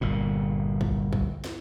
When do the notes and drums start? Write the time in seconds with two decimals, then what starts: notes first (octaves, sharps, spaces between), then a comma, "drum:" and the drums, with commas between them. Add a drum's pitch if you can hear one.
0.01 G1 A#2
0.81 drum: kick A#1
1.13 drum: kick A#1
1.44 drum: snare